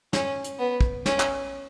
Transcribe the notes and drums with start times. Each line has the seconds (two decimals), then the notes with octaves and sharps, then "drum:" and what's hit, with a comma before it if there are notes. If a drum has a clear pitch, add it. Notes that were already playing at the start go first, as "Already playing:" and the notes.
0.13 C#4, drum: snare
0.44 drum: hi-hat
0.59 B3
0.81 drum: kick
1.06 C#4, drum: snare
1.20 drum: clap